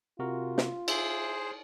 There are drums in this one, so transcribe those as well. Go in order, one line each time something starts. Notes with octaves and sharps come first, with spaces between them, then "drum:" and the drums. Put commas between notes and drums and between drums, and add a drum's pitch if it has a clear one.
C3 F4 F#4 A#4
drum: snare
G#4 C5 E5, drum: cymbal